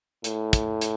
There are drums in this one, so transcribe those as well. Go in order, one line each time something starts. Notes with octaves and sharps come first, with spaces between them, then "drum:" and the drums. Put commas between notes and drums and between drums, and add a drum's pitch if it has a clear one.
A2, drum: hi-hat
drum: kick, hi-hat
drum: hi-hat